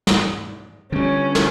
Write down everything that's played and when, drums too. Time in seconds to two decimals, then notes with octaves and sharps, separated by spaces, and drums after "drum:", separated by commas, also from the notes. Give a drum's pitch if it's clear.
0.07 drum: snare
0.92 D3 G3 C#4
1.35 drum: snare